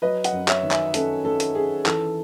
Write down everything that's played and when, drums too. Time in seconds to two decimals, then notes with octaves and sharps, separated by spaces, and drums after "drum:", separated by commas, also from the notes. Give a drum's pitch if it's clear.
0.02 F#3 B4 D#5
0.24 D#5 F#5, drum: hi-hat
0.32 F#2
0.48 C#5 E5, drum: clap
0.63 D#3
0.71 E5 G#5, drum: clap
0.94 C#4 A4, drum: hi-hat
1.25 D#3 A4
1.40 drum: hi-hat
1.55 C#4 G#4
1.86 E3 A4, drum: clap